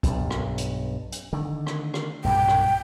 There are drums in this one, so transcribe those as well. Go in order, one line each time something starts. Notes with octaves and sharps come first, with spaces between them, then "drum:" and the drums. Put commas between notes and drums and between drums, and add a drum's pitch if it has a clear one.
B1 G2, drum: kick C#2, hi-hat
drum: rim click
drum: hi-hat
drum: hi-hat
D3 D#3
drum: rim click
drum: rim click
B1 G2 A#2 G5
drum: rim click